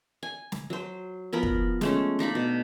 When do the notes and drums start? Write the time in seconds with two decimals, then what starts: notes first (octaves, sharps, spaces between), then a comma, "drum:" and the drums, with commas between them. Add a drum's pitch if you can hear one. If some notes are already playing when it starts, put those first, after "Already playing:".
0.23 G#5
0.52 drum: snare
0.70 F#3 C5
1.33 F3 B3 A#4 B5
1.43 drum: kick
1.81 G#3 A3 C#4, drum: snare
2.19 D4 D#4 F5 B5
2.35 B2